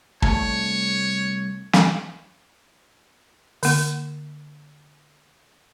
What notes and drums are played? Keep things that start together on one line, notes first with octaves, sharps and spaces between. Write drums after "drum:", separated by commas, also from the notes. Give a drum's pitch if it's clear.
C2 A3 C#5 A5, drum: kick
drum: snare
D3 A#3, drum: open hi-hat